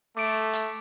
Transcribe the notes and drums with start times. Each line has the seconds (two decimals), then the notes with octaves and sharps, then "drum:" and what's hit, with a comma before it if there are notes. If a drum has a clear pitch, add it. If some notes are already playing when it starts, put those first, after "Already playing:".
0.17 A3 D6 D7
0.53 drum: hi-hat